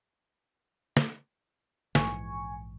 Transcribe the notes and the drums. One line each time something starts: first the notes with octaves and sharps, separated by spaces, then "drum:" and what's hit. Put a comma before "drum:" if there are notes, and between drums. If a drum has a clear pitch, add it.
drum: snare
A#1 G#2 E3 G#5 C#6, drum: snare